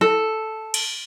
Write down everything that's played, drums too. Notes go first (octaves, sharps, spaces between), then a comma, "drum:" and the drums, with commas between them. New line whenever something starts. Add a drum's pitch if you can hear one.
A4
drum: cymbal